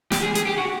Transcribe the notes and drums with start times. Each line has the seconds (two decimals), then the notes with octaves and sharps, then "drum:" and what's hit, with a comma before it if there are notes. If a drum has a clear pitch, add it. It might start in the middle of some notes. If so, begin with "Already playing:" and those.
0.12 G4, drum: snare
0.23 G#4
0.35 G#4, drum: hi-hat
0.47 G4
0.58 F#4